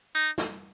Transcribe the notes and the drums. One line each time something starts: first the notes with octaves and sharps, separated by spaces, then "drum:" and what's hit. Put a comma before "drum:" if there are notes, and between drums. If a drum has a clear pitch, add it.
D#4
drum: snare